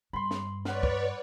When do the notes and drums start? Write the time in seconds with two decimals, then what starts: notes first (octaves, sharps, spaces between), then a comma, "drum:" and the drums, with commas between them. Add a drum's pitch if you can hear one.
0.13 G2 B5 C6
0.31 drum: snare
0.65 B4 C#5 D5 F5 F#5, drum: snare
0.83 drum: kick